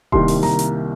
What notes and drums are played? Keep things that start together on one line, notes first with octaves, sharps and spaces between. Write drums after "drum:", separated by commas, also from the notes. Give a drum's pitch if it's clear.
C2 C3 D#3 A#3 C6, drum: kick D#1
drum: open hi-hat
A#5, drum: snare
drum: hi-hat